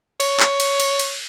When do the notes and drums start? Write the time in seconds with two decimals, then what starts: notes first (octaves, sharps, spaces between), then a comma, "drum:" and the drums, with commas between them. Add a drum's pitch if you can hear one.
0.20 C#5, drum: cymbal
0.40 drum: clap
0.60 drum: cymbal
0.80 drum: cymbal
0.99 drum: cymbal